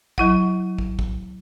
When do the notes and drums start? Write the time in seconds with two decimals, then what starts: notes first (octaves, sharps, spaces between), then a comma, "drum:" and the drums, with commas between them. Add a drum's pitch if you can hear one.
0.18 F#3 E4 F#5, drum: kick
0.78 drum: kick
0.99 drum: kick